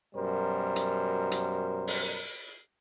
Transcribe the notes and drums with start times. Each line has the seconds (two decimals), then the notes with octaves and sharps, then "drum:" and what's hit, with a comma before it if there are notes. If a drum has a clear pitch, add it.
0.15 F#2 B2 G3 A#4 C5
0.76 drum: hi-hat
1.32 drum: hi-hat
1.87 drum: open hi-hat